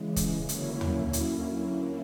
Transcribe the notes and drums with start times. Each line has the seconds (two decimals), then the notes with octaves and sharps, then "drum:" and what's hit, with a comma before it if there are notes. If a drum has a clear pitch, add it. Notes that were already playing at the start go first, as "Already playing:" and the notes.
Already playing: C#3 E3 G#3
0.16 drum: kick, hi-hat
0.49 D3 F#3 A#3 C#4 E4, drum: hi-hat
0.81 drum: tom
1.13 drum: hi-hat